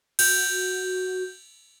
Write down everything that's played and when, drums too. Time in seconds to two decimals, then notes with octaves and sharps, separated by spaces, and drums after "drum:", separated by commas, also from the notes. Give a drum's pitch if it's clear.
0.19 F#4 G6, drum: cymbal